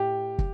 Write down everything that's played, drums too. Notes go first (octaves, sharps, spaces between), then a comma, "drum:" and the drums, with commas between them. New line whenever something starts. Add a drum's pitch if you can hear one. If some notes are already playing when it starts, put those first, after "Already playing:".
Already playing: A2 G4
drum: kick